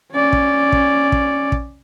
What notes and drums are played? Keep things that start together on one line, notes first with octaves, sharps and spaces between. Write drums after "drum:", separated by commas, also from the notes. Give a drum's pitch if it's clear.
C#4 D5
drum: kick
drum: kick
drum: kick
drum: kick